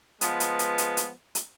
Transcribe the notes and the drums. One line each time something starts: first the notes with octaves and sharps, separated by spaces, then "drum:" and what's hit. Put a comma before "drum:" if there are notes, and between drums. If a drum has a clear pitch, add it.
F3 G#3 B3, drum: hi-hat
drum: hi-hat
drum: hi-hat
drum: hi-hat
drum: hi-hat
drum: hi-hat